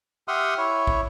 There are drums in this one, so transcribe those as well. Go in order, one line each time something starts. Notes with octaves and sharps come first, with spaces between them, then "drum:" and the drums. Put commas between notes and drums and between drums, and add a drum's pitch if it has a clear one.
G4 E5 F#5 C6 D#6 F6
E4 C#5
drum: kick